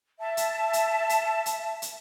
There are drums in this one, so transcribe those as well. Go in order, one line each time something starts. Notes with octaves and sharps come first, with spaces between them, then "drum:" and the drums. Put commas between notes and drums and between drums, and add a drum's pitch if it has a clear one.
E5 A5
drum: hi-hat
drum: hi-hat
drum: hi-hat
drum: hi-hat
drum: hi-hat